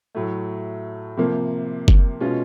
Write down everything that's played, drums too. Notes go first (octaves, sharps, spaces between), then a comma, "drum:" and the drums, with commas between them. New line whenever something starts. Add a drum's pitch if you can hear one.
A2 F#3 A3
C3 F3 A#3
drum: kick F#1
B2 G#3 C#4 F4